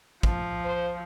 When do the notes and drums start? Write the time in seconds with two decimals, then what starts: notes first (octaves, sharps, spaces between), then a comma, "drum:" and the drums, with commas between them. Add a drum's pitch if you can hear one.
0.23 F3, drum: kick
0.65 C5